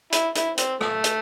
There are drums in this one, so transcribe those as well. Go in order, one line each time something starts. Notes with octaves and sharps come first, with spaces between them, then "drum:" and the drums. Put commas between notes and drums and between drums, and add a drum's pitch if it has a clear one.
E4, drum: hi-hat
E4, drum: hi-hat
C4, drum: hi-hat
A3, drum: rim click
drum: hi-hat